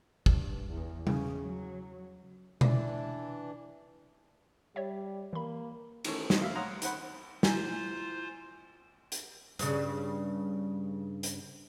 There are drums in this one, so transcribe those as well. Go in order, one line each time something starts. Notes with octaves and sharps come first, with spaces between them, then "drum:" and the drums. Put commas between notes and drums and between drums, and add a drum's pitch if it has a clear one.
G2, drum: kick
E2
C#3, drum: tom G3
F#3
E3 D4, drum: tom B2
G3 C#5 D5 E5
E3 A#3 B5
D#3 E3 A3 C#4, drum: cymbal
D#3 E3 A3 C4 D#4, drum: snare
E5 F5
C#5 F5 F#5 A#5 C6 D#6
D#3 C5 F#5 B5, drum: hi-hat
E4 F4 C5 G#5 A#5, drum: snare
drum: hi-hat
G2 C#3, drum: hi-hat
drum: hi-hat